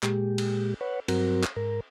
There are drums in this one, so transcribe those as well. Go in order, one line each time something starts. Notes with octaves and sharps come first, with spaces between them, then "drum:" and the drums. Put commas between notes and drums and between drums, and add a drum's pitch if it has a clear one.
A#2 G#3 G4, drum: clap
drum: cymbal
B4 C#5 F#5
G2 F#3 C4 F#4 A#4, drum: cymbal
drum: clap
G#2 A#4